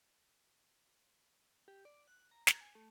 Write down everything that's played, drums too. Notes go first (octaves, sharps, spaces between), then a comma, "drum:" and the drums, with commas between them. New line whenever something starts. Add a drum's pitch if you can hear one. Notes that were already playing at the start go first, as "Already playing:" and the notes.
G4
D5
F#6
A#5
A#5, drum: snare
G#5
A3